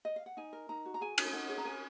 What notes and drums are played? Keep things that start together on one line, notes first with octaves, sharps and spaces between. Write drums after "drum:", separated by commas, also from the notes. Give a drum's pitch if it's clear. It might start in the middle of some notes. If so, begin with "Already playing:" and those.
D#5
F5
F#5
D#4 G#5
A#4
D#4 A#5
F#4
A#5
G#4 G#5
D#4, drum: cymbal
G#5
D#4 F#5
G#4
A#5
A#4 G#5